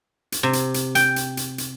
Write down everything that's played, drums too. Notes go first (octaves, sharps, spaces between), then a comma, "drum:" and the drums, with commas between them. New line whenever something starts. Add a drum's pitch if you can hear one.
drum: hi-hat
C3
drum: hi-hat
drum: hi-hat
G5, drum: hi-hat
drum: hi-hat
drum: hi-hat
drum: hi-hat